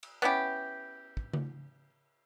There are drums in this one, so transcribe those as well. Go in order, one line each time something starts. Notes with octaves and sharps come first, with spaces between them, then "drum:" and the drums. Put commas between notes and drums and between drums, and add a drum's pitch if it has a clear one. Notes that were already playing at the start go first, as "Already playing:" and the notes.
drum: cymbal
B3 C#4 E4 G4
drum: kick
drum: tom C#3